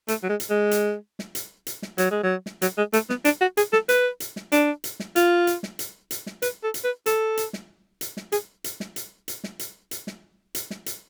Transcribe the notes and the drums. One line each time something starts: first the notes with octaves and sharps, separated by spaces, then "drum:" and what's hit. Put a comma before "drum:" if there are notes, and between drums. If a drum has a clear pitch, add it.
A3, drum: hi-hat
F#3
G#3
drum: hi-hat
G#3
drum: hi-hat
drum: snare
drum: hi-hat
drum: hi-hat
drum: snare
F#3, drum: hi-hat
G#3
F#3
drum: snare
F#3, drum: hi-hat
G#3
A3, drum: hi-hat
B3, drum: snare
D4, drum: hi-hat
F#4
G#4, drum: hi-hat
A4, drum: snare
B4, drum: hi-hat
drum: hi-hat
drum: snare
D4, drum: hi-hat
drum: hi-hat
drum: snare
F4, drum: hi-hat
drum: hi-hat
drum: snare
drum: hi-hat
drum: hi-hat
drum: snare
B4, drum: hi-hat
A4
drum: hi-hat
B4
A4, drum: hi-hat
drum: hi-hat
drum: snare
drum: hi-hat
drum: snare
G#4, drum: hi-hat
drum: hi-hat
drum: snare
drum: hi-hat
drum: hi-hat
drum: snare
drum: hi-hat
drum: hi-hat
drum: snare
drum: hi-hat
drum: snare
drum: hi-hat